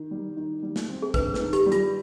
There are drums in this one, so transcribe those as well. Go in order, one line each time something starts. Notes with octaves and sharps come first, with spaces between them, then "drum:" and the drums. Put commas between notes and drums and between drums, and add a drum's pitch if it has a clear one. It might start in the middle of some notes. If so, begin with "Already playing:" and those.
Already playing: D#3
G3
D#3
G3
drum: snare
C4
G#4
G2 B4, drum: kick, hi-hat
B4, drum: snare
D#3
G4, drum: hi-hat
G3
F4, drum: hi-hat